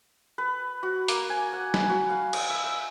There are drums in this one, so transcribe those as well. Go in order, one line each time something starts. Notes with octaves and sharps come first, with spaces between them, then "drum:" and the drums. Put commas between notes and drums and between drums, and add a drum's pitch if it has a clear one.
B4
F#4
A#3, drum: hi-hat
G#5
F#5
B4, drum: snare
F#4
F5
D#6, drum: cymbal
E5
E5